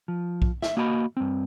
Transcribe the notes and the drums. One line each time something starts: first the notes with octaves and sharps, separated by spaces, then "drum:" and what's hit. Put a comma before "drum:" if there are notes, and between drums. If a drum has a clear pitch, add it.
F3
drum: kick B1
E5, drum: snare
A#3 F#4 D#5 G#5 B5
G2 C4